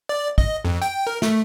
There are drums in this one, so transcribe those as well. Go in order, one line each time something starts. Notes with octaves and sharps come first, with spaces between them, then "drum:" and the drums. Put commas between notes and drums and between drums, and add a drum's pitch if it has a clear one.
D5
D#5, drum: kick
F2
G5, drum: hi-hat
A#4
A3, drum: snare